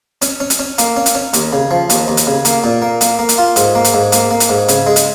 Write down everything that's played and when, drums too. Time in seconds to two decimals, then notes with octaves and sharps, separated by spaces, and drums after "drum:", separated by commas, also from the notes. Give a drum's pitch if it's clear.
0.22 C#4, drum: hi-hat
0.40 C#4
0.50 drum: hi-hat
0.59 C#4
0.78 A#3, drum: hi-hat
0.96 C#4
1.06 drum: hi-hat
1.15 C#4
1.33 D#2, drum: hi-hat
1.53 C#3
1.71 F3
1.90 D#2, drum: hi-hat
2.08 D#2
2.17 drum: hi-hat
2.27 C#3
2.45 A#3, drum: hi-hat
2.64 A#2
2.82 A#3
3.01 A#3, drum: hi-hat
3.19 A#3
3.29 drum: hi-hat
3.38 F4
3.56 G#2, drum: hi-hat
3.75 A#3
3.84 drum: hi-hat
3.94 G#2
4.12 A#3, drum: hi-hat
4.31 A#3
4.40 drum: hi-hat
4.49 G#2
4.68 C#3, drum: hi-hat
4.86 G#3
4.96 drum: hi-hat